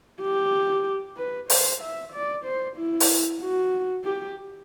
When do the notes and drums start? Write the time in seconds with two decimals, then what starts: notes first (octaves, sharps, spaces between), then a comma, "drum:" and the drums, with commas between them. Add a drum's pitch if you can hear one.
0.21 G4
1.17 B4
1.50 C5, drum: open hi-hat
1.82 E5
2.13 D5
2.45 C5
2.77 E4
3.00 drum: open hi-hat
3.41 F#4
4.04 G4